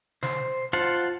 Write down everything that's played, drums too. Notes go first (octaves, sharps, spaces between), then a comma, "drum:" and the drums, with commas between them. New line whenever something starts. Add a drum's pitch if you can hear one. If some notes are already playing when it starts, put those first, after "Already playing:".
C5, drum: snare
F4 C5 F#5 A5, drum: hi-hat